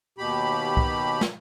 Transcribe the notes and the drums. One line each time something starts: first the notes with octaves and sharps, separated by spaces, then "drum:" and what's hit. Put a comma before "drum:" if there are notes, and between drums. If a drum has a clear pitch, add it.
D#2 B2 G4 B5
drum: kick C2
drum: snare